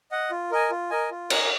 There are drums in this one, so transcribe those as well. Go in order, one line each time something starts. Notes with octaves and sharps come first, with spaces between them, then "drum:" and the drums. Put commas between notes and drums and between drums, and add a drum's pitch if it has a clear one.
D#5 F#5
F4
A#4 D#5 G#5
F4
A#4 D#5 G#5
F4
A#4 D#5 G#5, drum: cymbal